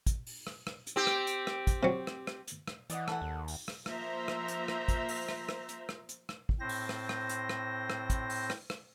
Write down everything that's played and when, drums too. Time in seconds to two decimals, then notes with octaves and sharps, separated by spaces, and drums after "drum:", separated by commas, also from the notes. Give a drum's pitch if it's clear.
0.06 drum: kick, hi-hat
0.27 drum: open hi-hat
0.47 drum: rim click
0.67 drum: rim click
0.87 drum: hi-hat
0.96 C4 G4
1.07 drum: rim click
1.27 drum: hi-hat
1.47 drum: rim click
1.67 drum: kick, hi-hat
1.83 C3 F#3
2.07 drum: rim click
2.27 drum: rim click
2.47 drum: hi-hat
2.68 drum: rim click
2.90 E3 D5 D#5 F#5, drum: hi-hat
3.08 A4 F#5, drum: rim click
3.22 D#2
3.48 drum: open hi-hat
3.68 drum: rim click
3.86 F3 A#3 C5 E5 A#5, drum: rim click
4.28 drum: rim click
4.48 drum: hi-hat
4.68 drum: rim click
4.88 drum: kick, hi-hat
5.08 drum: open hi-hat
5.29 drum: rim click
5.49 drum: rim click
5.69 drum: hi-hat
5.89 drum: rim click
6.09 drum: hi-hat
6.29 drum: rim click
6.49 drum: kick
6.60 A2 C4 C5 A#6
6.69 drum: open hi-hat
6.89 drum: rim click
7.09 drum: rim click
7.29 drum: hi-hat
7.49 drum: rim click
7.90 drum: rim click
8.10 drum: kick, hi-hat
8.30 drum: open hi-hat
8.50 drum: rim click
8.70 drum: rim click